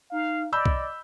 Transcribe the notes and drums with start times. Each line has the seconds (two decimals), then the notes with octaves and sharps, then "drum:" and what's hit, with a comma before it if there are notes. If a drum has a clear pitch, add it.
0.12 D#4 F5
0.53 D5 D#5 B5 E6 G6
0.66 drum: kick C2